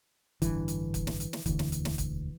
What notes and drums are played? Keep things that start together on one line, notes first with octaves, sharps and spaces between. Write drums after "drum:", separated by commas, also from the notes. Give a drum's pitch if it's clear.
A1 G2 D3 E3, drum: kick, hi-hat
drum: hi-hat
drum: kick, hi-hat
drum: snare
drum: hi-hat
drum: snare
E1 D2 D3 E3, drum: kick, hi-hat
drum: snare
drum: hi-hat
drum: snare
drum: kick, hi-hat